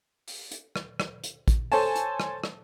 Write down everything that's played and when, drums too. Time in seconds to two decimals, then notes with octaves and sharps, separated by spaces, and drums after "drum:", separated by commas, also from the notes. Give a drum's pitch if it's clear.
0.28 drum: open hi-hat
0.52 drum: hi-hat
0.76 drum: rim click
1.00 drum: rim click
1.24 drum: hi-hat
1.48 drum: kick, hi-hat
1.72 A4 C5 C#5 G#5 A5, drum: open hi-hat
1.96 drum: hi-hat
2.20 drum: rim click
2.44 drum: rim click